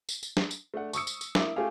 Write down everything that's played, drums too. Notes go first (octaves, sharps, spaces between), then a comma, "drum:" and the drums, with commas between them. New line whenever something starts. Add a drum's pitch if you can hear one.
drum: tambourine
drum: tambourine
drum: snare
drum: tambourine
A3 D4 F#5
C#6 D#6 E6 C#7, drum: tambourine
drum: tambourine
drum: tambourine
A#3 E4 D6 E6, drum: snare
A3 C#4 F4 G4 G#4 F5